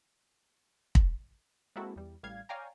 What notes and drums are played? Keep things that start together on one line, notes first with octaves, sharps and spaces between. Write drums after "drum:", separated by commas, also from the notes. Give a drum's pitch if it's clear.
drum: kick
G#3 A#3 C4 E4 F#4 A4
E2 G3
A1 G3 F5 G#6
C#5 D5 F5 G5 G#5 A#5